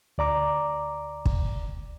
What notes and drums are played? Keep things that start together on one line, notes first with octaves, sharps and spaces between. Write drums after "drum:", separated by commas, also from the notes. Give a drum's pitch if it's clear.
D2 D5 A#5 D6
drum: kick